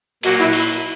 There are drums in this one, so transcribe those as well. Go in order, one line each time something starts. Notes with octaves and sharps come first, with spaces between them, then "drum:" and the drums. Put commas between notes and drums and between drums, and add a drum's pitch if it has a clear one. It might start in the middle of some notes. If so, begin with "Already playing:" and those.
A#2 F#3 A#3 F#4, drum: open hi-hat
E4
drum: open hi-hat